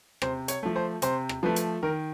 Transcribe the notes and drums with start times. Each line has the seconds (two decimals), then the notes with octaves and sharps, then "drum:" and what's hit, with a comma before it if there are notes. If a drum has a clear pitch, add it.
0.22 C3 C5, drum: rim click
0.48 C#5, drum: hi-hat
0.63 F3 A3
0.76 C5
1.02 C3 C5, drum: hi-hat
1.29 drum: rim click
1.43 F3 A3 B4
1.56 drum: hi-hat
1.83 D#3 A#4